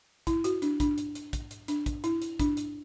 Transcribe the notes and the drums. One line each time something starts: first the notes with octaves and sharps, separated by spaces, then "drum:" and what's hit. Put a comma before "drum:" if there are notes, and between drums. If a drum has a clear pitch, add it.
E4, drum: kick, hi-hat
F#4, drum: hi-hat
D4, drum: hi-hat
D4, drum: kick, hi-hat
drum: hi-hat
drum: hi-hat
drum: kick, hi-hat
drum: hi-hat
D4, drum: hi-hat
drum: kick, hi-hat
E4, drum: hi-hat
drum: hi-hat
D4, drum: kick, hi-hat
drum: hi-hat